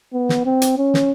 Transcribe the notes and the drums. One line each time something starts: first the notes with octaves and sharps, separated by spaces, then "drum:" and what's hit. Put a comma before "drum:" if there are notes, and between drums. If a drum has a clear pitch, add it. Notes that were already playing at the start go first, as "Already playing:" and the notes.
B3
drum: snare
C4
drum: hi-hat
C#4
drum: snare